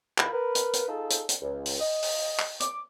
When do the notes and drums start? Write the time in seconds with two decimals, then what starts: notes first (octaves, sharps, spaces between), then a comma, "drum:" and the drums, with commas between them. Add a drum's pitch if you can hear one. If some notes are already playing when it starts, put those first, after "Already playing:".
0.18 E2 D#4 F4 A#4 B5, drum: clap
0.32 A#4 B4
0.55 drum: hi-hat
0.73 drum: hi-hat
0.88 D#4 F4 G#4 A4
1.10 drum: hi-hat
1.29 drum: hi-hat
1.42 C#2
1.66 drum: open hi-hat
1.80 D#5
2.02 drum: open hi-hat
2.39 drum: clap
2.60 D6, drum: hi-hat